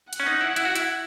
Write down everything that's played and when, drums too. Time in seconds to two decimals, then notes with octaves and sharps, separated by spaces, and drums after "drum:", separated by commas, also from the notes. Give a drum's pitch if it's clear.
0.13 F#5, drum: hi-hat
0.20 C#4
0.26 D#4
0.41 E4
0.56 E4, drum: hi-hat
0.65 F#4
0.75 E4, drum: hi-hat